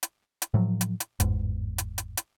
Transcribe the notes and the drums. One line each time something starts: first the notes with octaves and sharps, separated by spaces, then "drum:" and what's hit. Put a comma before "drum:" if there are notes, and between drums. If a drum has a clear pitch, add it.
drum: hi-hat
drum: hi-hat
A2 F3 F#3
drum: hi-hat
drum: hi-hat
G1 E2 G#2, drum: hi-hat
drum: hi-hat
drum: hi-hat
drum: hi-hat